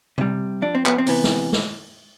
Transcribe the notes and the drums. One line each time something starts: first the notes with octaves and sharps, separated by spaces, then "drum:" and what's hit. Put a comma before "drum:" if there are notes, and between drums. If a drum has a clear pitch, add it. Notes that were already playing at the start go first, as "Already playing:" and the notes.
C3 G3, drum: tom C3
F2 D4
C4
B3, drum: clap
C4
C3 E3 B3, drum: open hi-hat
drum: snare
drum: snare